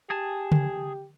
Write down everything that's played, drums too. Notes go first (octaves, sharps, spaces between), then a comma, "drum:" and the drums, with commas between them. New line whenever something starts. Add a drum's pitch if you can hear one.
G4 G#4 G#5 A5
drum: tom C#3